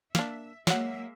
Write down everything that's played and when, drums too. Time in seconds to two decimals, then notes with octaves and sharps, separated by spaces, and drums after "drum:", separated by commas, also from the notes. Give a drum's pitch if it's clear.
0.15 A#3 D4 E5, drum: snare
0.67 F#3 G#3 A#3 E5 F#5, drum: snare